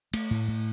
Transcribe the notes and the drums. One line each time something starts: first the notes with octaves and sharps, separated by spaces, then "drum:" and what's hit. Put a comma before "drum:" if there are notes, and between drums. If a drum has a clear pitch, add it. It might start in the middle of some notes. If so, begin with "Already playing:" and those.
A3, drum: cymbal
A2
A2